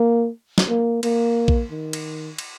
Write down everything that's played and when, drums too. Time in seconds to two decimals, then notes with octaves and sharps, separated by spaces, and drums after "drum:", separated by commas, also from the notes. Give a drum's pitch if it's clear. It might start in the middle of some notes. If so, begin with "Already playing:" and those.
Already playing: A#3
0.58 drum: snare
0.69 A#3
1.03 A#3, drum: cymbal
1.48 drum: kick A#1
1.71 D#3
1.93 drum: cymbal
2.39 drum: cymbal